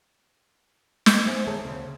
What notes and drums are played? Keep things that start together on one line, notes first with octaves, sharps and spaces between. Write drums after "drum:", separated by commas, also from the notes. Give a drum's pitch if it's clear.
drum: snare
B3 C5 E5 G#5
D#3 G#4 C#5 A5
D2 G2 C#3 C4